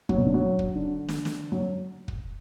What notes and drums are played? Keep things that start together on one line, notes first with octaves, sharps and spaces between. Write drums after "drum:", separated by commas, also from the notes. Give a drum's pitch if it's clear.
F#3, drum: kick
B2
D3
F#3
drum: kick
D3
drum: snare
drum: snare
F#3
drum: kick